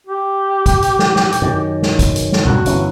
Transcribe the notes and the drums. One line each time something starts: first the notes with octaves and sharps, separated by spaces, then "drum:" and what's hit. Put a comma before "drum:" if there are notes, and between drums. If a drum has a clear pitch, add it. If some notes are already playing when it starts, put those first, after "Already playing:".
G4
drum: kick, hi-hat
drum: hi-hat
drum: snare
drum: snare
drum: hi-hat
F#2 D#3
drum: snare
drum: kick, hi-hat
drum: hi-hat
drum: snare
C2 G2 B2 F#4
G1 E3 C#4, drum: hi-hat